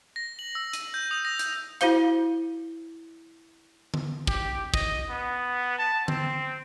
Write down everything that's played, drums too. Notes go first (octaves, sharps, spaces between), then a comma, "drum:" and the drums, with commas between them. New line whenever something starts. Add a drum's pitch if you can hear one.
A#6
F#7
E6
D#7, drum: hi-hat
G6
D#6
A#6
G6, drum: hi-hat
E4 F#4 C5 F5, drum: hi-hat
drum: tom D3
G4, drum: kick
D#5, drum: kick
B3
A5
C4, drum: tom D3